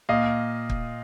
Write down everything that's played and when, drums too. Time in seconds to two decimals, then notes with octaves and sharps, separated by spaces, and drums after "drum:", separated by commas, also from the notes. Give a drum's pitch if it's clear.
0.09 A#2 D#5 F5
0.70 drum: kick